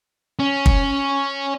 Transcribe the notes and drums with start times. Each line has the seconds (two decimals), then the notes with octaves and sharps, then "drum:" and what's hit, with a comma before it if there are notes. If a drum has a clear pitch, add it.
0.39 C#4
0.66 drum: kick